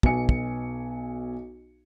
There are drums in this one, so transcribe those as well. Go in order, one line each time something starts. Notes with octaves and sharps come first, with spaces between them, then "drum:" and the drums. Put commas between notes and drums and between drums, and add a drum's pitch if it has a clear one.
B1 B2 B3 G#5 C#7, drum: kick
drum: kick